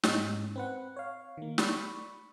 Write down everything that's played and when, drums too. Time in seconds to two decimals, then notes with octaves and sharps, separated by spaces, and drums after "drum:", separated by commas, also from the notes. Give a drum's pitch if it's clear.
0.03 G#2 C#4 D#4, drum: snare
0.56 C4 B4 F#5
0.97 C#5 F5
1.37 D#3 A#3
1.58 D5 B5 C#6, drum: snare